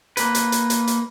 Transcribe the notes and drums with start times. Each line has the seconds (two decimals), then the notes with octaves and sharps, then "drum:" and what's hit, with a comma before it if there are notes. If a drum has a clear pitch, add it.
0.17 A#3 B4, drum: hi-hat
0.35 drum: hi-hat
0.52 drum: hi-hat
0.70 drum: hi-hat
0.87 drum: hi-hat